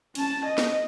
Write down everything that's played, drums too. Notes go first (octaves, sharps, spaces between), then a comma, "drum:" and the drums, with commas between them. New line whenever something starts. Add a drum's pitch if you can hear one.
C#4 A5, drum: cymbal
D#5
drum: snare